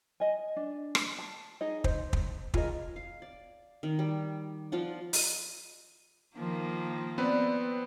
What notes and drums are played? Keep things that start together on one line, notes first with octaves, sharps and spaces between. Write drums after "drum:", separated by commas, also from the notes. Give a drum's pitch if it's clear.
D#5 G#5
D4
drum: rim click
A5
D#4 G#4 D#5
C5, drum: kick
drum: kick
F4 G#4 A#4 D#5, drum: kick
F5
D5
D#3
G3
F3 F4 D5 F#5
drum: open hi-hat
D#3 F3 A#3
B3 C4 B4 D5